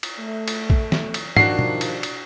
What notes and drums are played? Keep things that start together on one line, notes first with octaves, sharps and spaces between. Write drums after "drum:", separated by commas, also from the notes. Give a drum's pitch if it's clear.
drum: cymbal
A3
drum: cymbal
drum: kick
drum: snare
drum: cymbal
D#3 F3 G3 D4 F#4 F#5 C7, drum: tom
drum: tom B2
drum: cymbal
drum: cymbal